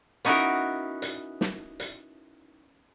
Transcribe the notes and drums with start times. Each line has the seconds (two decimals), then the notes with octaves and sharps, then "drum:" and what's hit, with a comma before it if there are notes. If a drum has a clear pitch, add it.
0.25 B3 C#4 D#4 E4 F#4 A#4, drum: hi-hat
1.02 drum: hi-hat
1.41 drum: snare
1.80 drum: hi-hat